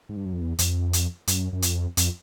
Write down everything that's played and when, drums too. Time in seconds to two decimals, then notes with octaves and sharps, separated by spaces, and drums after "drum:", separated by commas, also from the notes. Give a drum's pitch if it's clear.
0.09 G#2
0.17 G2
0.26 F#2
0.33 F2
0.41 E2
0.59 F2, drum: hi-hat
0.93 drum: hi-hat
1.27 F#2, drum: hi-hat
1.53 F#2
1.62 F2, drum: hi-hat
1.97 F2, drum: hi-hat